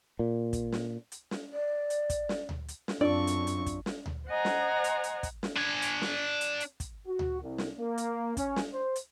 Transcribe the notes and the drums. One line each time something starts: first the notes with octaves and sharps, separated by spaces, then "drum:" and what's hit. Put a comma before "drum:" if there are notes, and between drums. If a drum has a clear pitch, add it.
A#2
drum: kick, hi-hat
drum: snare
drum: hi-hat
drum: snare
D5
drum: hi-hat
drum: kick, hi-hat
drum: snare
drum: tom D2
drum: hi-hat
drum: snare
F#2 C4 D4 F4 A4 D5 C#6
drum: hi-hat
drum: hi-hat
drum: kick, hi-hat
drum: snare
drum: tom D2
C5 D#5 F#5 G#5 A#5
drum: snare
drum: hi-hat
drum: hi-hat
drum: kick, hi-hat
drum: snare
D4 G#5
drum: hi-hat
drum: snare
drum: hi-hat
drum: hi-hat
drum: kick, hi-hat
F#4
drum: tom D2
C2
drum: snare
A#3
drum: hi-hat
C#4, drum: kick, hi-hat
drum: snare
C5
drum: hi-hat